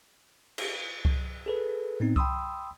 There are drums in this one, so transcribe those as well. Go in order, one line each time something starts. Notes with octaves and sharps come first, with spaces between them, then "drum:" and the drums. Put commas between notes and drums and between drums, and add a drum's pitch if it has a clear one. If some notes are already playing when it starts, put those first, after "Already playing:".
drum: cymbal
drum: kick C2
G#4 A4 B4
A2 B3 C4 D#4
G5 B5 C6 D#6 E6, drum: kick C2